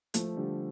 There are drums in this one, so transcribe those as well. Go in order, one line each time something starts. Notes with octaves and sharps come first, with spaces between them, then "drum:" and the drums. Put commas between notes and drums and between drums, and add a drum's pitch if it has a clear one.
F3 A3, drum: hi-hat
D3 G3